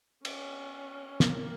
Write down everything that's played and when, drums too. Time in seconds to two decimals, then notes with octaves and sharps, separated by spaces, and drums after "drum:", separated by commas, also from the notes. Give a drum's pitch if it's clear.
0.25 C#4, drum: cymbal
1.20 A#3, drum: snare